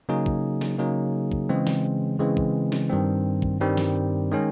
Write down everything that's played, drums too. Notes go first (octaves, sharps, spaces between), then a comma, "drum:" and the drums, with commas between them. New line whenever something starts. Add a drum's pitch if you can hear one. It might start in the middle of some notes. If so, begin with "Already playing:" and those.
C#3 F#3 A#3 D#4 G#4
drum: kick
drum: snare
C#3 F#3 A#3 D#4 G#4
drum: kick
C#3 E3 G#3 C4
drum: snare
C#3 E3 G#3 C4
drum: kick
drum: snare
G2 D#3 G3 C4
drum: kick
G2 D#3 G3 C4
drum: snare
D#3 G#3 C#4